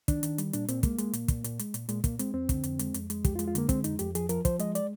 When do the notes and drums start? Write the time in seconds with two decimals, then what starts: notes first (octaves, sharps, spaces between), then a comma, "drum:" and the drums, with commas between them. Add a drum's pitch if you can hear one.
0.08 D#3 D4, drum: kick, hi-hat
0.23 D#3, drum: hi-hat
0.38 G3, drum: hi-hat
0.53 A#2 D4, drum: hi-hat
0.68 A#2 C4, drum: hi-hat
0.83 G#3 A#3, drum: kick, hi-hat
0.98 G#3, drum: hi-hat
1.13 A#2, drum: hi-hat
1.28 A#2, drum: kick, hi-hat
1.44 A#2, drum: hi-hat
1.59 G#3, drum: hi-hat
1.74 A#2, drum: hi-hat
1.89 A#2 G#3, drum: hi-hat
2.04 A#2 A#3, drum: kick, hi-hat
2.19 G#3 C4, drum: hi-hat
2.34 F2 C4
2.49 D3, drum: kick, hi-hat
2.64 F2, drum: hi-hat
2.79 G#3, drum: hi-hat
2.94 F2, drum: hi-hat
3.10 G#3, drum: hi-hat
3.24 F2 G4, drum: kick, hi-hat
3.36 F4
3.39 G#3, drum: hi-hat
3.47 F4
3.55 D3 A#3, drum: hi-hat
3.69 G#3 C4, drum: kick, hi-hat
3.84 F2 D#4, drum: hi-hat
3.99 F2 G4, drum: hi-hat
4.15 F3 G#4, drum: hi-hat
4.29 F3 A#4, drum: hi-hat
4.45 F3 C5, drum: kick, hi-hat
4.59 G#3 D#5, drum: hi-hat
4.75 D5, drum: hi-hat